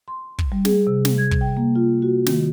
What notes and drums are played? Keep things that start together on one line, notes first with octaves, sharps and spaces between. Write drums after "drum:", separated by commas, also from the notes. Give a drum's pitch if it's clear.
C6
drum: kick
G3
G#4, drum: snare
C3
drum: snare
G#6
drum: kick
G5
A#3
F4
F#4
D#3, drum: snare